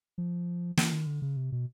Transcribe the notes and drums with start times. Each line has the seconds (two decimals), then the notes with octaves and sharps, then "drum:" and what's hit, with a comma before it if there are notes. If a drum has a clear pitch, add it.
0.18 F3
0.77 E3, drum: snare
0.92 D#3
1.07 D3
1.22 C#3
1.37 C3
1.52 B2